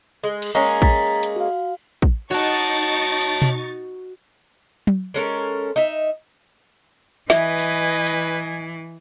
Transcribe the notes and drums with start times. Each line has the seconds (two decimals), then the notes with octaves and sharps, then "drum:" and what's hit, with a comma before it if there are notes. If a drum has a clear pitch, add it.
0.23 G#3
0.42 drum: cymbal
0.55 G#3 A#3 C#4 A#5
0.82 A#5 A6 B6, drum: kick
1.23 drum: hi-hat
1.36 F#4 F5
2.02 drum: kick
2.31 D#4 F#4 C#5 A5 C#6 A6
3.21 drum: hi-hat
3.42 drum: tom B2
4.87 drum: tom F#3
5.14 G#3 C#4 A4 A#4
5.76 D#4 E5
7.30 E3 B4 D#5 E5 G#5, drum: snare
7.58 drum: open hi-hat
8.07 drum: hi-hat